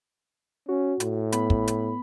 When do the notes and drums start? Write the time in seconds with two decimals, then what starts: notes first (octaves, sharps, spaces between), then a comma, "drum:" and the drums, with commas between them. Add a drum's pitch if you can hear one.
0.69 C#4 F#4
1.00 A2, drum: hi-hat
1.32 B3 B5, drum: hi-hat
1.50 drum: kick
1.68 drum: hi-hat